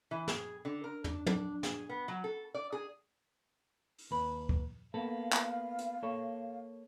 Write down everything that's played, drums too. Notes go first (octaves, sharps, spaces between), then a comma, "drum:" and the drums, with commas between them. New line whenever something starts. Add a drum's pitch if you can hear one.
E3
G#4, drum: snare
D3
A#4
D4, drum: tom
D4, drum: tom
G#4, drum: snare
B3
F#3
A4
D5
G#4
drum: open hi-hat
D#2 B4
drum: kick
A#3 B3 A4 F5
drum: clap
drum: hi-hat
A#3 A4 C#5